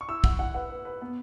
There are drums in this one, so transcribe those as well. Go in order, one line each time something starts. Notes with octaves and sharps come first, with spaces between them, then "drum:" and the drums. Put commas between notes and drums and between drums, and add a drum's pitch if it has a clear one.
C#6
E4 E6
E4 F#5, drum: kick
E4 F#5
B4 F#5
B4
B4
B3